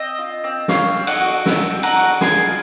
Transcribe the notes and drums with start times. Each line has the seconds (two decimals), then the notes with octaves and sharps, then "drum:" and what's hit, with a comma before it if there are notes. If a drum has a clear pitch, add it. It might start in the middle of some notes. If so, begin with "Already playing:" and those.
Already playing: C4 D#5
0.19 F4
0.44 C4
0.68 C4 C#5 F5, drum: snare
0.94 C4
1.07 D#5 F#5, drum: cymbal
1.20 F#4
1.46 C4, drum: snare
1.71 C4
1.83 F#5 A#5, drum: cymbal
1.96 F#4
2.21 G#4 G#5 C6, drum: snare
2.47 F4